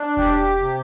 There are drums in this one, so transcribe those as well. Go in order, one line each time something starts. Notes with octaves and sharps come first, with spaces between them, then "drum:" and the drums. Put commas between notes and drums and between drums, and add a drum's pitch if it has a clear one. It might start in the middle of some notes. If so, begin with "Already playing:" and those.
Already playing: D4
G4, drum: kick E1
C3